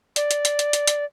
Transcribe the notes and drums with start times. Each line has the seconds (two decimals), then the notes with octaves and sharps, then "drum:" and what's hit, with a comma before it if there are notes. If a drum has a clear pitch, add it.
0.16 D5, drum: hi-hat
0.31 drum: hi-hat
0.45 drum: hi-hat
0.59 drum: hi-hat
0.73 drum: hi-hat
0.88 drum: hi-hat